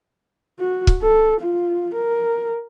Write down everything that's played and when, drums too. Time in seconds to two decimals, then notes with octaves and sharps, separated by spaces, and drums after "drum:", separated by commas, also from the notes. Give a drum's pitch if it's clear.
0.59 F#4
0.87 drum: kick
1.02 A4
1.41 F4
1.95 A#4